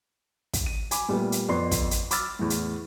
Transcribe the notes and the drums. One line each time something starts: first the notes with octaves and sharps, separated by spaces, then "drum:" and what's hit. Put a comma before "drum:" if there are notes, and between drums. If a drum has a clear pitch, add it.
drum: kick, hi-hat
D#7
G#5 B5 D6, drum: hi-hat
A#2 G3 A3 B3
drum: hi-hat
F2 B3 D5 C6 C#6 C7
drum: kick, hi-hat
drum: hi-hat
B5 D6 E6 F6 A6, drum: hi-hat
E2 A2
drum: hi-hat